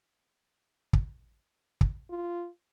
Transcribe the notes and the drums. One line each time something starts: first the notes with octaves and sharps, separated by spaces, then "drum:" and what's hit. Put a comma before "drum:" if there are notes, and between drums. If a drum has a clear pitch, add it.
drum: kick
drum: kick
F4